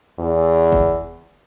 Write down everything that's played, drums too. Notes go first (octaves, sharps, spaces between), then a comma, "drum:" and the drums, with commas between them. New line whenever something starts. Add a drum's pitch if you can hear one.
E2
drum: kick F#1